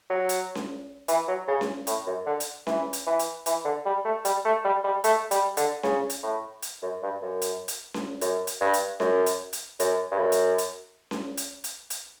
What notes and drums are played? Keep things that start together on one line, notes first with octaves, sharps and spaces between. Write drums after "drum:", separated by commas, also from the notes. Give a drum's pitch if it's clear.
F#3
drum: hi-hat
drum: snare C#4
E3, drum: hi-hat
F#3
C#3
drum: snare C#4
A2, drum: hi-hat
F#2
D3
drum: hi-hat
E3, drum: snare C#4
drum: hi-hat
E3
drum: hi-hat
E3, drum: hi-hat
D3
G3
A3
G3, drum: hi-hat
A3
G3
G3
A3, drum: hi-hat
G3, drum: hi-hat
D3, drum: hi-hat
C#3, drum: snare C#4
drum: hi-hat
A2
drum: hi-hat
F#2
G2
F#2
drum: hi-hat
drum: hi-hat
drum: snare C#4
F#2, drum: hi-hat
drum: hi-hat
G2
drum: hi-hat
F#2, drum: snare C#4
drum: hi-hat
drum: hi-hat
F#2, drum: hi-hat
G2
F#2
drum: hi-hat
drum: hi-hat
drum: snare C#4
drum: hi-hat
drum: hi-hat
drum: hi-hat